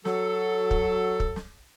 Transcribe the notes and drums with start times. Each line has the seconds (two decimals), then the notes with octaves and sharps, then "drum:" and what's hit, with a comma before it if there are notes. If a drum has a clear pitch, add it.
0.05 F#3 A4, drum: snare
0.71 drum: kick
1.20 drum: kick
1.36 drum: snare